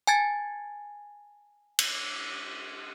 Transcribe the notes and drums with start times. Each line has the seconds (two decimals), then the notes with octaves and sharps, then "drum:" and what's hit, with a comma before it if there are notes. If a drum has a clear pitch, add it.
0.07 G#5 A5 G#6 A6
1.79 drum: cymbal